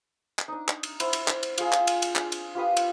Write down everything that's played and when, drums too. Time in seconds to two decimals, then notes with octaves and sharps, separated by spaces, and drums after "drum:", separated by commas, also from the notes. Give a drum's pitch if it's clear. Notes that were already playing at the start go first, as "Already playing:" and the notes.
0.39 drum: clap
0.48 D4 D#4
0.68 drum: clap
0.83 drum: cymbal
1.00 E4 C5 F#5, drum: cymbal
1.13 drum: cymbal
1.28 drum: clap
1.43 drum: cymbal
1.58 F4 G#4, drum: cymbal
1.73 drum: clap
1.87 drum: cymbal
2.02 drum: cymbal
2.16 D4 G#4, drum: clap
2.32 drum: cymbal
2.55 F4 G4 B4 D#6
2.77 drum: cymbal